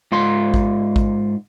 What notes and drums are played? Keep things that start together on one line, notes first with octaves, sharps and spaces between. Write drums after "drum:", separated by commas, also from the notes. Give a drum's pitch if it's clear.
G#2 F4 C6
drum: kick A1
drum: kick A1